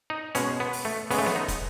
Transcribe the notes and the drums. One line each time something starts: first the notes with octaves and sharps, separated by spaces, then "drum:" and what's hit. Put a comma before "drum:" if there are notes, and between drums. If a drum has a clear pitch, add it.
D#4
B2 G#3 C#4, drum: hi-hat
B3
drum: open hi-hat
A3
C#3 G#3 B3, drum: open hi-hat
A3
B3, drum: snare
D#4
drum: kick, hi-hat